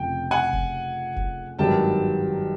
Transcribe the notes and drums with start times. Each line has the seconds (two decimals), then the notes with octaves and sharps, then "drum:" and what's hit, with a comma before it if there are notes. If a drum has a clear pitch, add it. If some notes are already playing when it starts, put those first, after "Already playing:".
Already playing: F1 F2 C#3 F3 G5
0.31 F#5 G#5
0.53 drum: kick F1
1.16 drum: kick F1
1.59 G#1 G2 D#3 F#3 A#3 G5 A5